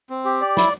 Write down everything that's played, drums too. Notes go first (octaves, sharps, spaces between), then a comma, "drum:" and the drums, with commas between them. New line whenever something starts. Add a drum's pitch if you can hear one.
C4
G4
D5
E4, drum: snare